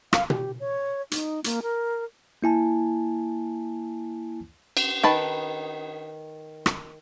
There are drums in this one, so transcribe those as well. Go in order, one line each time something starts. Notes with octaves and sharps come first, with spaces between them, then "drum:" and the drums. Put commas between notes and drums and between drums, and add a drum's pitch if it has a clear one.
F5, drum: rim click
G4, drum: tom B2
C#5
D#4, drum: hi-hat
A#3, drum: hi-hat
A#4
A#3 E4 G#5 A5
drum: cymbal
D#3 B4 A5
drum: rim click